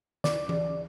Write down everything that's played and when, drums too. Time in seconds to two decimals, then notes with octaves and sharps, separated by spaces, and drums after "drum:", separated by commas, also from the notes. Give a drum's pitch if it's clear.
0.24 D5, drum: snare
0.49 drum: tom E3